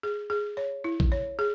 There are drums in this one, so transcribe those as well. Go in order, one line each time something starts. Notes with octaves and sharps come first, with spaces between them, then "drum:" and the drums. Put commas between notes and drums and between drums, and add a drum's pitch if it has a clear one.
G#4
G#4
C#5
E4
drum: kick A#1
C#5
G#4